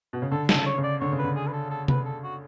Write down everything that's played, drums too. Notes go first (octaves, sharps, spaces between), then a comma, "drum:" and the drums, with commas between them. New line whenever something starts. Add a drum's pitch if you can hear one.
B2
C#3
D3 A4
A4, drum: snare
C#3
C#5
C#3
D5
D3 C#5
C#3
B4
D3
G#4
B4
A4
A4
B4, drum: tom C3
A4
F#4